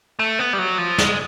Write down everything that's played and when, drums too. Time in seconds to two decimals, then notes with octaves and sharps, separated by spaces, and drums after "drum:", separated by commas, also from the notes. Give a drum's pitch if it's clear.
0.19 A3
0.39 B3
0.53 G3
0.58 F#3
0.78 F3
0.98 G#3, drum: snare